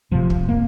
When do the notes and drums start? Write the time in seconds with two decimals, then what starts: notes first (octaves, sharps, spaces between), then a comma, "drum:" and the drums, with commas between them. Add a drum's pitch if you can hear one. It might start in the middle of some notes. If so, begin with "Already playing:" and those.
0.11 F1 F2 C3 F3
0.30 drum: kick
0.49 A#3